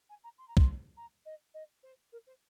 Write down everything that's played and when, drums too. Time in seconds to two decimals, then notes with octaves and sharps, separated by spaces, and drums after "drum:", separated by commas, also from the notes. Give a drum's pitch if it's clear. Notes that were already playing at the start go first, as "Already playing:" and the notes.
0.09 G#5
0.24 A#5
0.38 C6
0.48 A#5
0.57 C6, drum: kick
0.97 A#5
1.25 D#5
1.54 D#5
1.83 C5
2.12 A#4
2.27 C5